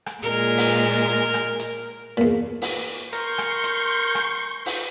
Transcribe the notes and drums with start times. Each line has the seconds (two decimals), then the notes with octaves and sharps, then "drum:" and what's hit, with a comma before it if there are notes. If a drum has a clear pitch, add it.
0.06 drum: rim click
0.22 A#2 G#3 A#4
0.57 drum: open hi-hat
1.08 drum: hi-hat
1.34 drum: rim click
1.60 drum: hi-hat
2.17 E2 A#2
2.62 drum: open hi-hat
3.13 A#4 C6 C#6 G6, drum: hi-hat
3.38 drum: rim click
3.64 drum: hi-hat
4.15 drum: rim click
4.66 drum: open hi-hat